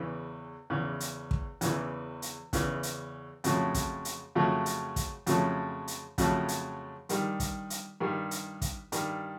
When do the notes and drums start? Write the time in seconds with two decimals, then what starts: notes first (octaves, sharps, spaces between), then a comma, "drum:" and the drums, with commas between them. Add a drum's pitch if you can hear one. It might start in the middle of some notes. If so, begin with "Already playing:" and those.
Already playing: E2 C#3 E3
0.70 E2 C#3 E3
1.00 drum: hi-hat
1.31 drum: kick
1.61 E2 C#3 E3, drum: hi-hat
2.22 drum: hi-hat
2.53 E2 C#3 E3, drum: kick, hi-hat
2.83 drum: hi-hat
3.44 F2 C#3 F#3 A3 C#4, drum: hi-hat
3.74 drum: kick, hi-hat
4.05 drum: hi-hat
4.35 F2 C#3 F#3 A3 C#4
4.66 drum: hi-hat
4.96 drum: kick, hi-hat
5.27 F2 C#3 F#3 A3 C#4, drum: hi-hat
5.88 drum: hi-hat
6.18 F2 C#3 F#3 A3 C#4, drum: kick, hi-hat
6.48 drum: hi-hat
7.09 G2 D#3 G3, drum: hi-hat
7.40 drum: kick, hi-hat
7.70 drum: hi-hat
8.00 G2 D#3 G3
8.31 drum: hi-hat
8.62 drum: kick, hi-hat
8.92 G2 D#3 G3, drum: hi-hat